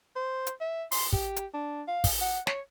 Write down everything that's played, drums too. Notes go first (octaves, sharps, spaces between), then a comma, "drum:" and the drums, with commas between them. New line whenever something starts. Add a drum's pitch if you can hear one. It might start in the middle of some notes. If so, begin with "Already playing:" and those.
C5
drum: hi-hat
E5
C6, drum: open hi-hat
G4, drum: kick
drum: hi-hat
D4
F5
drum: kick, open hi-hat
F#5
C#5, drum: snare